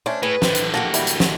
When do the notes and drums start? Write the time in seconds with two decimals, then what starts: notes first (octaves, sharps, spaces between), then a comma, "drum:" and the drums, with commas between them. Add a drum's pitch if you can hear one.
0.06 A3 C#4 D4 C5
0.23 A2 G#4 B4
0.42 A2 D3 C4, drum: snare
0.55 drum: hi-hat
0.74 A#3 F#4 G4 A5
0.94 G3 E4, drum: hi-hat
1.07 drum: hi-hat
1.20 drum: snare